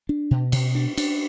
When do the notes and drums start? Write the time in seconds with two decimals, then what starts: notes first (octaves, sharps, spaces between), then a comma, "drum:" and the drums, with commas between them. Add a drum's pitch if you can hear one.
0.09 D4
0.31 B2
0.52 B2, drum: cymbal
0.75 D4
0.97 D4, drum: cymbal